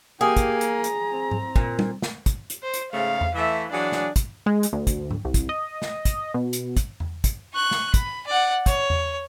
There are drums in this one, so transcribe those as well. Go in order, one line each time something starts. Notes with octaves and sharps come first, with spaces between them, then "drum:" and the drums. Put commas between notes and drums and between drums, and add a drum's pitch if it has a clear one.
A#3 G4 G#4
drum: kick, hi-hat
A#5, drum: hi-hat
drum: hi-hat
C4
drum: tom G#2
A#2, drum: kick
drum: tom G3
drum: snare
drum: kick, hi-hat
drum: hi-hat
C5
drum: hi-hat
G#2 C#3 A3 F5
drum: tom E2
E3 A3 E5
E3 F#3 D4 G#4
drum: snare
drum: kick, hi-hat
G#3
drum: hi-hat
D2
drum: kick, hi-hat
drum: tom G#2
C2
drum: kick, hi-hat
D#5
drum: snare
drum: kick, hi-hat
B2
drum: hi-hat
drum: kick, hi-hat
drum: tom E2
drum: kick, hi-hat
C#6 F#6
drum: snare
B5, drum: kick, hi-hat
D5 F#5
C#5, drum: kick, hi-hat
drum: tom E2